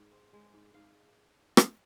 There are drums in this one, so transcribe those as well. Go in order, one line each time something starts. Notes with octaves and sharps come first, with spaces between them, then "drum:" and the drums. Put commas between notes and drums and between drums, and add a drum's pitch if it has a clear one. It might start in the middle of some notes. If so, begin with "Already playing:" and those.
Already playing: G#2
C4
G#3
G#2
G#2 F5
drum: rim click